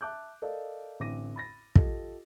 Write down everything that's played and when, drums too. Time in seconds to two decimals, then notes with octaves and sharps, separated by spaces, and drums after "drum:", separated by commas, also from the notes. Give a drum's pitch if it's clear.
0.01 E5 A5 D6 F#6 G6
0.42 A4 A#4 D5 D#5 F5
1.00 A1 D3 C4 D6 A#6 D#7
1.36 B5 A6 A#6
1.75 F4 G4 A4 D#5, drum: kick